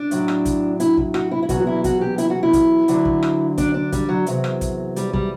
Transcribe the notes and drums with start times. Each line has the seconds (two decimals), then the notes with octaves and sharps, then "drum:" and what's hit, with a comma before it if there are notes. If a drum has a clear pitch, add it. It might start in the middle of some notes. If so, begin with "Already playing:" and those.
Already playing: D4
0.11 A2 F#3, drum: hi-hat
0.28 drum: rim click
0.45 drum: kick, hi-hat
0.80 E4, drum: hi-hat
0.97 drum: kick
1.14 F#4, drum: rim click
1.31 E4
1.43 E4
1.49 E2 B2 F#3 F#4, drum: kick, hi-hat
1.60 F#4
1.67 E4
1.84 F#4, drum: kick, hi-hat
2.01 G4
2.18 E4, drum: hi-hat
2.30 F#4
2.43 E4
2.53 drum: kick, hi-hat
2.88 D2 D3 F#3, drum: hi-hat
3.05 drum: kick
3.23 drum: rim click
3.58 D4, drum: kick, hi-hat
3.74 D4
3.92 G3, drum: kick, hi-hat
4.09 F#3
4.26 E2 C3 F#3, drum: hi-hat
4.44 drum: rim click
4.61 drum: kick, hi-hat
4.96 G3, drum: hi-hat
5.13 G3, drum: kick